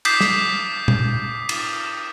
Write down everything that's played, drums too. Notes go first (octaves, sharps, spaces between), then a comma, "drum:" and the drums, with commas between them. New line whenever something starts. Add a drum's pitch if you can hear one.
D6 D#6 G6 B6 C7 E7, drum: cymbal
drum: snare
drum: tom
drum: cymbal